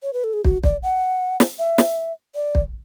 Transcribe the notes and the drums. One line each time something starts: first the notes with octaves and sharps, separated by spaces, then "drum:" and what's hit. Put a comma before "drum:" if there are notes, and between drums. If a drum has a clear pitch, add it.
C#5
B4
A4
G#4
F#4, drum: kick
D5, drum: kick
F#5
drum: snare
E5
drum: snare
D5
drum: kick